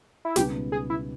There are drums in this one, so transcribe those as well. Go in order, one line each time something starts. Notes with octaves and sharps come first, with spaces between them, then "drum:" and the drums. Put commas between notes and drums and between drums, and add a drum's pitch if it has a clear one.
E4
C#2 B2 G3 B3 D#4 G4, drum: snare
G#4
E4